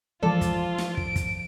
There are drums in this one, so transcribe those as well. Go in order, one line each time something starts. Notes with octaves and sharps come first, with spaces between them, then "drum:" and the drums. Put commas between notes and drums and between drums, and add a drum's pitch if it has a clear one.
E3 F3 G#3 F4 A4 D5
drum: kick, hi-hat
drum: snare
D7, drum: kick
drum: kick, hi-hat